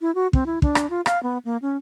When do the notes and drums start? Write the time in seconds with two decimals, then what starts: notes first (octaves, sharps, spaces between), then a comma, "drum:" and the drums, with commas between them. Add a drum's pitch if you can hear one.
0.01 E4
0.15 F#4
0.33 C4, drum: kick
0.46 E4
0.62 D4, drum: kick
0.75 drum: rim click
0.90 F4
1.06 F5, drum: rim click
1.23 B3
1.45 A#3
1.62 C#4